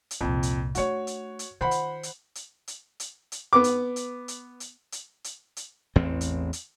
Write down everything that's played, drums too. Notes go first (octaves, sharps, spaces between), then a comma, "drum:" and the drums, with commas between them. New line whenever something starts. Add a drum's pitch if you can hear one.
drum: hi-hat
C2 F2 A#2
drum: hi-hat
A3 D4 F#4 C#5, drum: hi-hat
drum: hi-hat
drum: hi-hat
D#3 F4 C5 F#5 B5
drum: hi-hat
drum: hi-hat
drum: hi-hat
drum: hi-hat
drum: hi-hat
drum: hi-hat
B3 D6
drum: hi-hat
drum: hi-hat
drum: hi-hat
drum: hi-hat
drum: hi-hat
drum: hi-hat
drum: hi-hat
A1 E2 C4
drum: hi-hat
drum: hi-hat